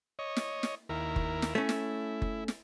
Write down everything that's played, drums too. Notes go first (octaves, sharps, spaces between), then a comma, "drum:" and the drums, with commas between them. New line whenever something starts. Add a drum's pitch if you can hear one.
C#5 D#5
drum: snare
drum: snare
D#2 E4 A#4
drum: kick F#1
drum: snare
A3 C#4 E4
drum: snare
drum: kick F#1
drum: snare